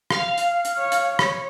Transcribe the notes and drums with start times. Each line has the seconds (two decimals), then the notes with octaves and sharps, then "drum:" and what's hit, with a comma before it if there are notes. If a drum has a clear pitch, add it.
0.10 F5, drum: rim click
0.38 drum: hi-hat
0.65 drum: hi-hat
0.79 C#5
0.92 drum: hi-hat
1.19 drum: rim click